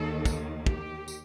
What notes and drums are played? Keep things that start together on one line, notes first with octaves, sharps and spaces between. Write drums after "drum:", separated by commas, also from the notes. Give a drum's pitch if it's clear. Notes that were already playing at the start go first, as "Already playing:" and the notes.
Already playing: D#2 D#3 A4
drum: kick, tambourine
G4, drum: kick
drum: tambourine